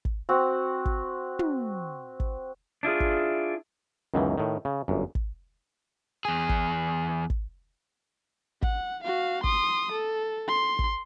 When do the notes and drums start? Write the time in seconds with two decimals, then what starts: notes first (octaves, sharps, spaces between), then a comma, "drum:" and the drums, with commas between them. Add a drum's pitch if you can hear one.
0.05 drum: kick
0.29 C4 F#4
0.85 drum: kick
1.39 drum: tom
2.20 drum: kick
2.83 D4 E4 F4 G#4
3.00 drum: kick
4.14 C#2 F#2 B2 D#3 E3
4.38 A2 D#3
4.65 C#3
4.88 G1 F#2
5.15 drum: kick
6.25 E2 G#4
6.49 drum: kick
7.30 drum: kick
8.62 F#5, drum: kick
9.04 F#4 F5
9.44 C6 D#6, drum: kick
9.92 A4
10.48 C6
10.79 drum: kick